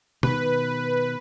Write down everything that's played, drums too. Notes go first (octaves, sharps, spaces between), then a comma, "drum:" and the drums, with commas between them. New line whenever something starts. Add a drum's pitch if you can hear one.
B2 D#3 B4, drum: tom